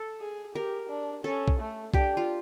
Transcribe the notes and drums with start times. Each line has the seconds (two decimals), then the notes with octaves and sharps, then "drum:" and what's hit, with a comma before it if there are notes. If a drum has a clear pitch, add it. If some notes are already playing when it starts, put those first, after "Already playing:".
Already playing: A4
0.20 G#4
0.55 G4 A#4
0.89 D4
1.24 C#4 A4
1.48 drum: kick B1
1.59 A3
1.94 D4 G4, drum: kick B1
2.17 F4